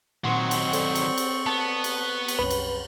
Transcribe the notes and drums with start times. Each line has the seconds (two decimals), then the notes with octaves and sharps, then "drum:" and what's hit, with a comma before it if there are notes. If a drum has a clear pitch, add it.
0.24 A#2 D#3 F#3 C4 F#5 C6 C#6
0.51 drum: cymbal
0.73 A4 C5 D5, drum: cymbal
0.95 drum: cymbal
1.18 drum: cymbal
1.46 B3 A5
1.84 drum: cymbal
1.98 C#6
2.28 drum: cymbal
2.39 C2 F#2 B4 C#5
2.51 drum: cymbal